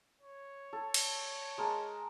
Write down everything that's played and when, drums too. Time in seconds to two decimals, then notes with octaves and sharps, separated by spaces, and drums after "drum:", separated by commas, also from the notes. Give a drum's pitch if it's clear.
0.21 C#5
0.73 A4
0.94 drum: cymbal
1.58 G#3 A#4 A5